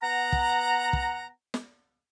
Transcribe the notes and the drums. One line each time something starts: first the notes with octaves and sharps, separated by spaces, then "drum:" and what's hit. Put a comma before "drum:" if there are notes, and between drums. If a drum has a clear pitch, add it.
B3 F#5 A#5
drum: kick
drum: kick
drum: snare